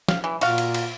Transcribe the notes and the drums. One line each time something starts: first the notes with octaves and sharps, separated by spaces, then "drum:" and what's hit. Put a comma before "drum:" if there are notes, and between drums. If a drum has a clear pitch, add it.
F5, drum: snare
E3
A#2 F#4 F5, drum: cymbal
drum: cymbal
drum: cymbal